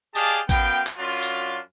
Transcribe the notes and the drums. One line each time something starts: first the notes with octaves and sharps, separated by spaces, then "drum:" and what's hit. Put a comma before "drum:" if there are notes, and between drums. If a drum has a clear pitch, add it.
G4 G#4 D5 D#5 F5 A5, drum: tambourine
F#2 B3 F5 G5, drum: kick A1, tambourine
drum: clap
F#2 F#3 D4 F4
drum: tambourine